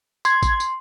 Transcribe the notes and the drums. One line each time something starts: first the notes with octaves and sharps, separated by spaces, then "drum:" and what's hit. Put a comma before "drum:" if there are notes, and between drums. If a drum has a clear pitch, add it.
C6 G#6, drum: tambourine
drum: kick A1, tambourine
drum: tambourine